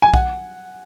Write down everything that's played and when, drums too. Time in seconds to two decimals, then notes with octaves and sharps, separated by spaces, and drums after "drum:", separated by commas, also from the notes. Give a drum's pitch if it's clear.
0.02 G#5
0.14 F#5, drum: kick